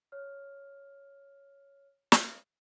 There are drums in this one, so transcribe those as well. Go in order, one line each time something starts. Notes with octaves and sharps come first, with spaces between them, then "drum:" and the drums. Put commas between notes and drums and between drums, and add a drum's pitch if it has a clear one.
C#5 F6
drum: snare